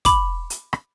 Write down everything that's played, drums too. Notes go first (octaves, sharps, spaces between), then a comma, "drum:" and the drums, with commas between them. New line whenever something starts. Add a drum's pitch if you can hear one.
B5 D6, drum: kick, hi-hat
drum: hi-hat
drum: rim click